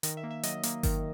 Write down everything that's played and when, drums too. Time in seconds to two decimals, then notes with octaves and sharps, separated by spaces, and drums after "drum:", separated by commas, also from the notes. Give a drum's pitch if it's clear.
0.03 D#3 D#5, drum: hi-hat
0.17 E5
0.23 A#3
0.31 E5
0.43 F#3 D#5, drum: hi-hat
0.63 A#3, drum: hi-hat
0.83 D#3, drum: kick G1, open hi-hat